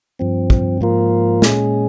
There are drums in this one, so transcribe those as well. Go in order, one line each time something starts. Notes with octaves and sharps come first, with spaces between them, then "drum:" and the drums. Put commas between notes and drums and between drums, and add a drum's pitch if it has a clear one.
G2 F3 C4
drum: kick
G#2 F3 A#3 F4 A#4
A#2 G#3 C#4 G#4, drum: snare